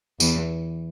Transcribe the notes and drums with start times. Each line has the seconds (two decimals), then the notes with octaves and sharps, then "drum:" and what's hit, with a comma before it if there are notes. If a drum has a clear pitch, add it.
0.20 E2 E3, drum: tambourine